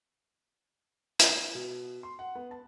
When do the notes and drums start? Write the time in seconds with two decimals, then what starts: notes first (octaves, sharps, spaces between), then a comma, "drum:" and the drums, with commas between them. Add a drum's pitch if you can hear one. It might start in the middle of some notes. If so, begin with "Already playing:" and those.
1.19 drum: hi-hat
1.55 B2
2.03 C6
2.19 F#5
2.35 B3
2.51 A5